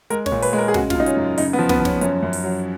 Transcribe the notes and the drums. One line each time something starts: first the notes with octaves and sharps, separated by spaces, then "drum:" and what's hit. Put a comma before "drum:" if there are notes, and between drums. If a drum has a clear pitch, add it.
G#3 A#4, drum: hi-hat
C#5, drum: snare
A#2
B4, drum: open hi-hat
G#3
A#4
G#4
C#3 F#4, drum: snare
F4, drum: snare
C#3 D#4
C#4, drum: hi-hat
F#2
C#3 D#4, drum: open hi-hat
B3
F3
B3, drum: snare
F3
C#4, drum: snare
F#2 C#4, drum: hi-hat
F#2
drum: open hi-hat
F#3